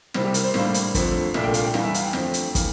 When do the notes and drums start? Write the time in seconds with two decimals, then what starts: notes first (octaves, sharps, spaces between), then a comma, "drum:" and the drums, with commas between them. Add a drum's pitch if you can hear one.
0.14 C2 C3 G3 C4 E4, drum: snare
0.25 G4
0.34 A#4, drum: hi-hat
0.44 C5
0.54 A2 G3 A#3 D4, drum: snare
0.74 drum: hi-hat
0.95 F2 D3 F3 A3 C4, drum: kick, hi-hat
1.34 C2 A#2 A3 D4 E5, drum: snare
1.44 G5
1.54 F5, drum: hi-hat
1.64 G5
1.74 E2 E3 G3 F5, drum: snare
1.84 E5
1.94 F5, drum: hi-hat
2.03 G5
2.13 F2 D3 A3 C4, drum: snare
2.34 drum: hi-hat
2.55 E3 A#3, drum: kick, hi-hat